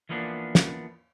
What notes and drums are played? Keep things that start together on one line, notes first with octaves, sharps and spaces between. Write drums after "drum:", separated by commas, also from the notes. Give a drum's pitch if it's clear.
E3 F3 A#3 B3 D4
drum: snare